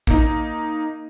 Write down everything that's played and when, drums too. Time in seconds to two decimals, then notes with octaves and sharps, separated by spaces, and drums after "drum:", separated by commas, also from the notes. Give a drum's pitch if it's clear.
0.07 A#3 D#4, drum: kick